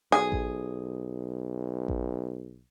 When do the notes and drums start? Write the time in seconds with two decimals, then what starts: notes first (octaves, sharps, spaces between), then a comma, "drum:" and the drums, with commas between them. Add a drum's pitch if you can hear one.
0.12 B1 G#4
0.32 drum: kick A1
1.88 drum: kick A1